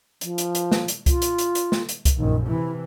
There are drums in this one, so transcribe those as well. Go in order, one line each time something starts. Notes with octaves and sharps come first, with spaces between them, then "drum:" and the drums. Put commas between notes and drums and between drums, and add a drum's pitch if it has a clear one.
F3, drum: hi-hat
drum: hi-hat
drum: hi-hat
drum: snare
drum: hi-hat
F4, drum: kick C2, hi-hat
drum: hi-hat
drum: hi-hat
drum: hi-hat
drum: snare
drum: hi-hat
drum: kick C2, hi-hat
A#1 F#2 D#3
C3 E3 E4